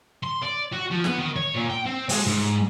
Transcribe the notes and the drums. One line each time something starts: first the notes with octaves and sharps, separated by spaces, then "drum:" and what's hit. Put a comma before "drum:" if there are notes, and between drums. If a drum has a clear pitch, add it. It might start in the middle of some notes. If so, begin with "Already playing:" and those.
C6
D5
F#4
F3
B3, drum: snare
D#3
C#5
A#2
G5
C4
G#3, drum: open hi-hat
G#2